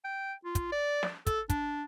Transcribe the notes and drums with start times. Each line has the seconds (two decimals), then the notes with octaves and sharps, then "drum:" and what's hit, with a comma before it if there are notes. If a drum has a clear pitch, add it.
0.05 G5
0.45 F4
0.55 drum: kick, hi-hat
0.72 D5
1.03 drum: snare
1.27 A4, drum: kick, hi-hat
1.50 D4, drum: kick, hi-hat